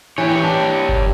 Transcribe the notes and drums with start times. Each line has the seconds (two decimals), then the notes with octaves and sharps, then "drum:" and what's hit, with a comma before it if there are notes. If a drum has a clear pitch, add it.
0.18 E3 G4 C#5 G5
0.44 D4 D5
0.89 drum: kick F#1